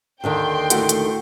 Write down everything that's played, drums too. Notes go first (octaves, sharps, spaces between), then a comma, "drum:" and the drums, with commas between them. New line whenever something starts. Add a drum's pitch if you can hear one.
D#2 D3 D#3 G5 C6
A2 A3 F#4, drum: hi-hat
drum: hi-hat